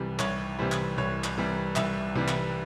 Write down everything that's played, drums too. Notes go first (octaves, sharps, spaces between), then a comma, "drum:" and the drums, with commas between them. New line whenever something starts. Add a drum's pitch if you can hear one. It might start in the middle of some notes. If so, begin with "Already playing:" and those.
Already playing: C2 C3 E3 G3
C2 C#5, drum: clap
C3 E3 G3 C5
drum: clap
C2 C#5
drum: clap
C3 E3 G3
C2 E5, drum: clap
C3 E3 G3
drum: clap